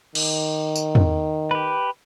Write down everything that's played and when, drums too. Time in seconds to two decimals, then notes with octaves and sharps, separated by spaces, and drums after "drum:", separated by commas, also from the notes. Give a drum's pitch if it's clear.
0.15 D#3, drum: cymbal
0.76 drum: tambourine
0.95 drum: tom E2
1.51 G4 B4